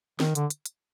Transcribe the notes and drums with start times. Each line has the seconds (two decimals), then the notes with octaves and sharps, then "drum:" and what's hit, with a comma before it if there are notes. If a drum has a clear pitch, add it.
0.20 D#3, drum: snare
0.35 D3, drum: hi-hat
0.50 drum: hi-hat
0.66 drum: hi-hat